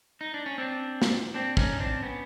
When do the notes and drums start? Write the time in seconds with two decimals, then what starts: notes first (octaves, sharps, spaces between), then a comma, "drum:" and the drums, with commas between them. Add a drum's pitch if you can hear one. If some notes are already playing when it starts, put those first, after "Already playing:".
0.21 D#4
0.34 D4
0.46 C#4
0.58 C4 D4
1.02 drum: snare
1.34 C4 D4
1.57 C#4 D#4, drum: kick
1.80 C4 D4
2.02 B3 C#4